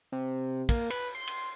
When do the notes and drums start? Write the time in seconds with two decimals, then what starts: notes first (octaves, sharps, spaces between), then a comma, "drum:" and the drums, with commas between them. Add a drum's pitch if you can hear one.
0.12 C3
0.69 A#3, drum: kick, cymbal
0.90 B4, drum: cymbal
1.15 C6
1.27 drum: cymbal